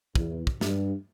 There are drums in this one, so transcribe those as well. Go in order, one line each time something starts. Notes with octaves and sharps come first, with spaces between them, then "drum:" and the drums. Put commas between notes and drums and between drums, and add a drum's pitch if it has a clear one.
E2, drum: kick
drum: kick
G2, drum: snare